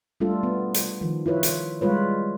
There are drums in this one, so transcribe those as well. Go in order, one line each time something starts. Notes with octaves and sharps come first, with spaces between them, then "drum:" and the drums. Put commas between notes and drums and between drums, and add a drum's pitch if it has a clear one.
G3 A3 D4 F4 A4
B3
drum: hi-hat
D#3 F3
E4 F4 B4 C#5
drum: hi-hat
G3 G#3 F4 B4 C#5